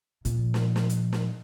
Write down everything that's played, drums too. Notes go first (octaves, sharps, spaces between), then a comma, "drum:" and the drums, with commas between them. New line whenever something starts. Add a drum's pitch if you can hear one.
A#2 F3, drum: hi-hat
drum: snare
drum: snare
drum: hi-hat
drum: snare